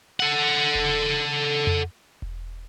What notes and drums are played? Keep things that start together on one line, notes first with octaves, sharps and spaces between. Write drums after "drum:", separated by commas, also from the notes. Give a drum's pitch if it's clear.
A4 F#5
drum: kick E1
drum: tom F2
drum: kick E1